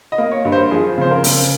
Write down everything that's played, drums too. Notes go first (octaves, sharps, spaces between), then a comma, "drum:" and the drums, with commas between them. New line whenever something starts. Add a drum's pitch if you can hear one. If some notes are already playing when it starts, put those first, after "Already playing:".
D#5
A#3
C#5
G2
C5
F3 G#4
C#3 C5
A#4
C#3, drum: open hi-hat